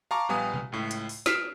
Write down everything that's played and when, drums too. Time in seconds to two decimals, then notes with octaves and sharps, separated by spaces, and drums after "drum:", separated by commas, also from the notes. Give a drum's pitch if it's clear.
0.11 F5 A5 A#5 C#6 D6
0.29 A#1 G3 B3 F5 G#5 D#6
0.54 drum: tom B2
0.72 C#2 A2
0.91 drum: hi-hat
1.09 drum: open hi-hat
1.26 F6 B6 C7 D7 E7, drum: snare